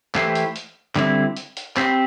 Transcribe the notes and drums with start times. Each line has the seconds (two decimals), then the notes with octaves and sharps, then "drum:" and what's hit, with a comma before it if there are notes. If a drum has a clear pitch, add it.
0.15 E3 A3 E4 G4 C5, drum: clap
0.35 drum: hi-hat
0.56 drum: hi-hat
0.96 D3 G3 C4 E4, drum: clap
1.37 drum: hi-hat
1.57 drum: hi-hat
1.77 C4 G4 C5, drum: clap